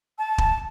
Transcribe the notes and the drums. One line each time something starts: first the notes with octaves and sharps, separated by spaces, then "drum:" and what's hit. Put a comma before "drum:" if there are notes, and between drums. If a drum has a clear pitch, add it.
A5
drum: kick